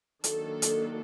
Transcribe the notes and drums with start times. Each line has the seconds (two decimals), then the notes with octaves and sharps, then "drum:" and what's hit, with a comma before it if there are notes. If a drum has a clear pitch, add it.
0.24 D#3 F#3 A#3 D4 A4, drum: hi-hat
0.62 drum: hi-hat